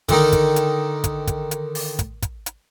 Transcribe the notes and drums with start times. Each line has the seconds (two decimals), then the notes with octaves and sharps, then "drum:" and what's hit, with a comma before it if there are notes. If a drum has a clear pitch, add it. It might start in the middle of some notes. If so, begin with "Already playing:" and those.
0.09 D3 D#3 D#4, drum: kick, hi-hat
0.32 drum: kick, hi-hat
0.56 drum: hi-hat
1.04 drum: kick, hi-hat
1.27 drum: kick, hi-hat
1.51 drum: hi-hat
1.75 drum: open hi-hat
1.99 drum: kick, hi-hat
2.22 drum: kick, hi-hat
2.46 drum: hi-hat